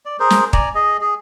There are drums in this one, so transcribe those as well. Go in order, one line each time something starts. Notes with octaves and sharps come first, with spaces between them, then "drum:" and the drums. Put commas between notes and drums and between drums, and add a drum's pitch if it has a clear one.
D5
G#4 A#4 C5
drum: snare
D5 G#5 A#5, drum: kick
G#4 D#5
G#4